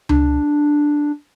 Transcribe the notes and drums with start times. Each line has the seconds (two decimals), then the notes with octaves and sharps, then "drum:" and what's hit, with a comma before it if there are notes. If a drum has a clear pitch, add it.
0.09 D4, drum: tom C#2